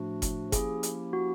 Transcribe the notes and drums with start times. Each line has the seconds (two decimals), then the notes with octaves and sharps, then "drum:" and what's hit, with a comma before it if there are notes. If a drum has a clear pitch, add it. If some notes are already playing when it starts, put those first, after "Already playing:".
Already playing: A2 F3 A3 D4 F#4
0.22 drum: kick F#1, hi-hat
0.52 F3 A#3 C#4 E4 G4 G#4, drum: kick F#1, hi-hat
0.83 drum: hi-hat
1.13 F#4